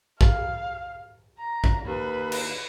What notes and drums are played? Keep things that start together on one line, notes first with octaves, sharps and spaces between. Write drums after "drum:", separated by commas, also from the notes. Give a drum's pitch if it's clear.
F5, drum: kick
A#5
drum: kick
D#2 B4
drum: cymbal